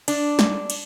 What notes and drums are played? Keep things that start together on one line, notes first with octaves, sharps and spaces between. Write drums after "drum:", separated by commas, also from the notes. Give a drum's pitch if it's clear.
D4, drum: cymbal
drum: snare
drum: cymbal